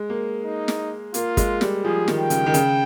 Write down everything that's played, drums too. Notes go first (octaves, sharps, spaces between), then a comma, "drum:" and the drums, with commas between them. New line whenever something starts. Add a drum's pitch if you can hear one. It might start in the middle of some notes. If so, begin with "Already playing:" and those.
Already playing: G#3
A#3
D#4
drum: snare
A#3 F4, drum: hi-hat
G#3, drum: kick, hi-hat
G3, drum: snare
F3 G#4
D#3, drum: snare
G5
C#3, drum: hi-hat
D#3
C#3, drum: hi-hat